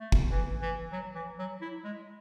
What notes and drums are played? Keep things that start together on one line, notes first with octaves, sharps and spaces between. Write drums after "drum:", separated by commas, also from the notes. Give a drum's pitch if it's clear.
A3
drum: kick
E3
E3
F#3
E3
F#3
E4
G#3